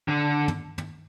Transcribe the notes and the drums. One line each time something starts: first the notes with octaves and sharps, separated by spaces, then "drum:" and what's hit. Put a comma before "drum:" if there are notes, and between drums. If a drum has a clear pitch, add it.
D3
drum: tom
drum: tom